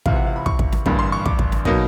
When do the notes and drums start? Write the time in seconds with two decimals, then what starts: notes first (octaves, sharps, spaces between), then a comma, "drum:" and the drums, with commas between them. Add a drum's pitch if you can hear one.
0.06 C#2 C3 E3 F5, drum: kick
0.16 F#5
0.26 F5
0.36 B5
0.46 C#6, drum: kick
0.59 drum: kick
0.72 drum: snare
0.86 A1 G2 D3 G3 A#3, drum: kick
0.99 C6
1.12 C#6
1.26 D6, drum: kick
1.39 drum: kick
1.52 drum: snare
1.65 B2 F#3 A#3 D#4, drum: kick